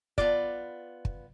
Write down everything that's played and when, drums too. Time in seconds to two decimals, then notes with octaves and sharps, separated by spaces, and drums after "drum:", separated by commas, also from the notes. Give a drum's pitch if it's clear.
0.18 B3 F4 D5, drum: kick
1.05 drum: kick